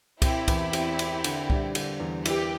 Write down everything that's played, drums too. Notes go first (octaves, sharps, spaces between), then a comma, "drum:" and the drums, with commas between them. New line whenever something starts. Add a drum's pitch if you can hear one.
C4 E4 G4, drum: kick C2, cymbal
E2, drum: kick C2, cymbal
C4, drum: cymbal
C4, drum: cymbal
D3, drum: cymbal
G3, drum: kick C2
D3, drum: cymbal
E2
E4 G4 B4, drum: cymbal